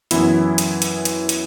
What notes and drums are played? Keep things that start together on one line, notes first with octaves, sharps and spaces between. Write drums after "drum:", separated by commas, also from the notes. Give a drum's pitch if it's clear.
F#2 E3 B3 E4, drum: hi-hat
drum: hi-hat
drum: hi-hat
drum: hi-hat
drum: hi-hat